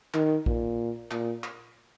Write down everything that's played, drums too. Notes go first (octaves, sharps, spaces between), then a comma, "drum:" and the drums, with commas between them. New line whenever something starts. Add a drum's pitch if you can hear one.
D#3, drum: clap
A#2, drum: kick
A#2, drum: clap
drum: clap